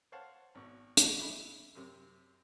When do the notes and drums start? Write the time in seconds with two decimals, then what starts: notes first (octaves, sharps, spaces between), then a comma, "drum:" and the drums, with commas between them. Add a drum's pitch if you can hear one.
0.12 C5 C#5 F5 F#5 A5
0.55 G#1 B2 C#6
0.97 G#2, drum: hi-hat
1.19 E5 B5
1.75 F#2 C3